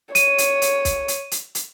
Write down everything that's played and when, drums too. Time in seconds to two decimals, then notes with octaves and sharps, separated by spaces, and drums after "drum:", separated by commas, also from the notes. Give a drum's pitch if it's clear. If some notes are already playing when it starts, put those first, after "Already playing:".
0.15 C#5 D#7, drum: hi-hat
0.38 drum: hi-hat
0.62 drum: hi-hat
0.85 drum: kick, hi-hat
1.08 drum: hi-hat
1.31 drum: hi-hat
1.55 drum: hi-hat